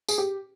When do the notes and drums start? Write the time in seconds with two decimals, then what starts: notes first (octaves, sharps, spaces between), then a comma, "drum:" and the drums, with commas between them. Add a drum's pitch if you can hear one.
0.09 G#4, drum: tambourine
0.18 G4